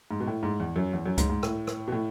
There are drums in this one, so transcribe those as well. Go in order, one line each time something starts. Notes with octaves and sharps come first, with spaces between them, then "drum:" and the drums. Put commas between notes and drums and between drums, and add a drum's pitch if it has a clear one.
G#2
B2
A2
G#2
E2
F#2
E2
F#2
G#2, drum: kick C#2, hi-hat
G#2
A2, drum: rim click
drum: rim click
B2
A2